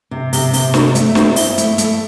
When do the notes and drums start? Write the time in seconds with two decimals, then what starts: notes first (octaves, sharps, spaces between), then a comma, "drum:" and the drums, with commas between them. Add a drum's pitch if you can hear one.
0.11 C3
0.33 C3, drum: open hi-hat
0.53 C3, drum: open hi-hat
0.74 C4, drum: snare
0.95 A3, drum: hi-hat
1.15 C4, drum: snare
1.36 E4, drum: open hi-hat
1.58 A3, drum: hi-hat
1.78 A3, drum: hi-hat